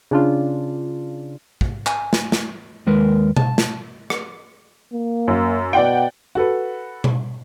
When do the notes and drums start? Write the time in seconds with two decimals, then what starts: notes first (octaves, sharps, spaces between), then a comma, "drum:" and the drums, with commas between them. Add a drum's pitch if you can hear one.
0.11 C#3 D4 F4
1.61 drum: kick
1.87 G#5, drum: clap
2.13 drum: snare
2.32 drum: snare
2.87 D#2 G#3 A#4 B4
3.36 A5, drum: tom B2
3.58 drum: snare
4.10 drum: rim click
4.93 A#3
5.28 F#2
5.73 B2 D5 F#5 G5
6.35 F#4 A4 B4
7.04 drum: tom B2